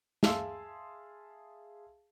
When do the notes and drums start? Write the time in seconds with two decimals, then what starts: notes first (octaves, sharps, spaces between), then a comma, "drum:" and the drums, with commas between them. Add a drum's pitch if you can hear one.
0.23 G#4 E5 F5 A5 C6 E6, drum: snare